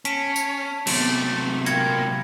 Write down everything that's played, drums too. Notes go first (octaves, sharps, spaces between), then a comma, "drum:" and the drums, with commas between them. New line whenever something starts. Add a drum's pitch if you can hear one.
C#4 A5 B6 D7 E7, drum: hi-hat
drum: tambourine
C3 F#3 A3 B3 C4 C#7 D7, drum: cymbal
A#3 F4 G5 B5 G#6 A#6 C#7, drum: hi-hat